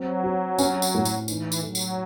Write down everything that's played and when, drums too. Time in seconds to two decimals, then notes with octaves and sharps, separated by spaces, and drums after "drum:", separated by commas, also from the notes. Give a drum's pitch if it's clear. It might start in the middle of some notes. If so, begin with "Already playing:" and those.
Already playing: F#3 C4
0.24 F#4
0.58 C#4, drum: tambourine
0.82 drum: tambourine
0.94 A2
1.05 drum: tambourine
1.28 E3 D#4, drum: tambourine
1.52 drum: tambourine
1.63 F#3 A4
1.75 drum: tambourine